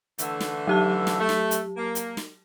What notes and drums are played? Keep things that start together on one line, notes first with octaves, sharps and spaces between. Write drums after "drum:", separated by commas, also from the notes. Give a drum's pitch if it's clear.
D3 E3 A3, drum: hi-hat
drum: snare
F#3 G4 A5
drum: snare
A3
drum: snare
drum: hi-hat
A#3
drum: hi-hat
drum: snare